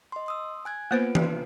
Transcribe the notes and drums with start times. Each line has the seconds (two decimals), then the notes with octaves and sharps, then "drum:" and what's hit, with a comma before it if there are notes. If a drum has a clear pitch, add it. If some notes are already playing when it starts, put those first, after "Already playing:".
0.12 D#5 C6
0.26 C6 D#6 E6
0.65 G#5 F#6 G#6
0.91 A#3 B3 F4 B4 C5 D7
1.15 drum: tom E3